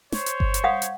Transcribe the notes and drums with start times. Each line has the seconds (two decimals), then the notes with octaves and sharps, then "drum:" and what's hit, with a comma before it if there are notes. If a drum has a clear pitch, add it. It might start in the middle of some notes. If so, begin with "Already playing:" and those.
0.12 C5 C#5, drum: snare
0.26 drum: hi-hat
0.40 drum: kick G1
0.54 drum: hi-hat
0.64 F5 F#5 D#6
0.82 drum: hi-hat